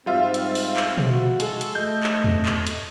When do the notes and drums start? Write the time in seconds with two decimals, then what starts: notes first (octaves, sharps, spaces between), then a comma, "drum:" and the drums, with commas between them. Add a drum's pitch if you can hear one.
0.06 G#2 G3 C4 F4 E5
0.34 drum: hi-hat
0.55 drum: open hi-hat
0.76 drum: clap
0.98 drum: tom B2
1.10 F#4
1.40 G#3 A4 A5, drum: hi-hat
1.61 drum: hi-hat
1.75 A3 D#5 G6
2.03 drum: clap
2.24 drum: tom E2
2.45 drum: clap
2.67 drum: hi-hat